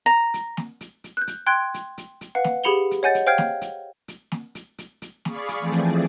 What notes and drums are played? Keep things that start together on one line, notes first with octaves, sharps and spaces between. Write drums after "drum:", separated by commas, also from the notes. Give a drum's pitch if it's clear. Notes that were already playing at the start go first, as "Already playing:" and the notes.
A#5
drum: hi-hat
drum: snare
drum: hi-hat
drum: hi-hat
F#6 G6
drum: hi-hat
G5 C6 F#6 G#6 D7
drum: hi-hat
drum: hi-hat
drum: hi-hat
B4 F5 F#5
drum: snare
G4 G#4 B5 C#7 F7 G7
drum: hi-hat
C#5 D#5 F#5 G#5 G6 A6
drum: hi-hat
C5 F5 G5 F6 G6 G#6
drum: snare
drum: hi-hat
drum: hi-hat
drum: snare
drum: hi-hat
drum: hi-hat
drum: hi-hat
G#4 D5 F5 B5 C#6, drum: snare
drum: hi-hat
E3 F3 A3 C4 G#4 D5
drum: hi-hat